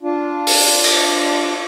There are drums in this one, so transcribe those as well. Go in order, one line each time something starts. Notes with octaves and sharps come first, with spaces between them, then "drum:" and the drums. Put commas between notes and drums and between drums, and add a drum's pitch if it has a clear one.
D4 F4
drum: open hi-hat
drum: cymbal